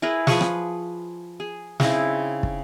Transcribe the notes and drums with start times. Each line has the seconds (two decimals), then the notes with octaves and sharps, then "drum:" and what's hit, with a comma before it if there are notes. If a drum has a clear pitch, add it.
0.02 E4 G#4 A#4 B4
0.27 F3 G#4 B4 C#6, drum: snare
0.41 drum: rim click
1.40 G#4
1.80 C#3 C4 D#4 E4, drum: snare
2.43 drum: kick